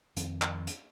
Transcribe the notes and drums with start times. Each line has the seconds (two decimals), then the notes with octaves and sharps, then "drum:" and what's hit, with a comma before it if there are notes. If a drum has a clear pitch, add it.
0.16 F2 D#3 C4, drum: hi-hat
0.42 drum: clap
0.67 drum: hi-hat